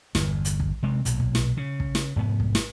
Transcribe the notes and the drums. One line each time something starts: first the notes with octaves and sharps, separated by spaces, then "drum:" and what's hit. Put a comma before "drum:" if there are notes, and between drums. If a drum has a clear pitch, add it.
G1 E2, drum: snare
drum: hi-hat
drum: kick
C3 G#3 C4
B1 A#2, drum: hi-hat
drum: kick
drum: snare
C#3
drum: kick
drum: snare
F1 G#2 B3
drum: kick
drum: snare